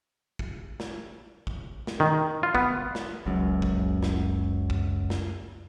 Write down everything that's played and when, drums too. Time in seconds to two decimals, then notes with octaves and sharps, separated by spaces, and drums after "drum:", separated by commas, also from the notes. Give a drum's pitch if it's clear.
0.39 drum: kick
0.80 drum: snare
1.47 drum: kick
1.87 drum: snare
2.00 D#3
2.43 F4
2.55 B3, drum: kick
2.95 drum: snare
3.26 F#1 C#2 F#2
3.62 drum: kick
4.03 drum: snare
4.70 drum: kick
5.10 drum: snare